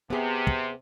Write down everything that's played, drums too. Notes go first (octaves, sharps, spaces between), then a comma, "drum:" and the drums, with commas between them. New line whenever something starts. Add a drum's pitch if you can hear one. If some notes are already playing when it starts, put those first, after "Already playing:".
C3 B3 G#4
drum: kick